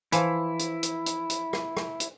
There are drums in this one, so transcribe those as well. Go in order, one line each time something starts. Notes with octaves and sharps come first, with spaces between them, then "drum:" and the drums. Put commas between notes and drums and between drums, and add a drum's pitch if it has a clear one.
E3 F3 E4, drum: hi-hat
drum: hi-hat
drum: hi-hat
drum: hi-hat
drum: hi-hat
drum: rim click
drum: rim click
drum: hi-hat